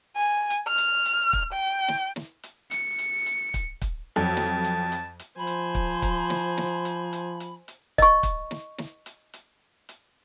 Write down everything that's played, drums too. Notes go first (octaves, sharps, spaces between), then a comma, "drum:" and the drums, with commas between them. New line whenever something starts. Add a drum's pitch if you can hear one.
G#5
drum: hi-hat
F6
drum: hi-hat
drum: hi-hat
drum: kick
G5
drum: snare
drum: snare
drum: hi-hat
C#7, drum: hi-hat
drum: hi-hat
drum: hi-hat
drum: kick, hi-hat
drum: kick, hi-hat
F2 F#3 A4 A5
drum: snare
drum: hi-hat
drum: hi-hat
drum: hi-hat
F3 C5 G#5 B5
drum: hi-hat
drum: kick
drum: kick, hi-hat
drum: snare
drum: snare
drum: hi-hat
drum: hi-hat
drum: hi-hat
drum: hi-hat
D#5 C#6, drum: kick, hi-hat
drum: kick, hi-hat
drum: snare
drum: snare
drum: hi-hat
drum: hi-hat
drum: hi-hat